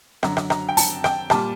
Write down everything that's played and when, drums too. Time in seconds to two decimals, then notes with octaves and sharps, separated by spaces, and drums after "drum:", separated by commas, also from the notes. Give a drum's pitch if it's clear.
0.23 F#2 D3 F#3 A#5, drum: rim click
0.37 drum: rim click
0.50 A#5, drum: rim click
0.69 G5
0.77 A5, drum: open hi-hat
1.04 G5, drum: rim click
1.30 A#2 G3 A5, drum: rim click